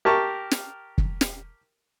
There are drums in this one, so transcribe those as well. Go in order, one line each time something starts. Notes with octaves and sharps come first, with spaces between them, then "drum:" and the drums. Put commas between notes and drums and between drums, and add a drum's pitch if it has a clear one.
G4 A#4 A5 C#6
drum: snare
drum: kick
drum: snare